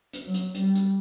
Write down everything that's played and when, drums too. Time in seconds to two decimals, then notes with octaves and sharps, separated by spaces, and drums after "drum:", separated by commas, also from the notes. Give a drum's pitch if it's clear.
0.13 drum: hi-hat
0.25 F#3
0.34 drum: hi-hat
0.55 G3, drum: hi-hat
0.75 drum: hi-hat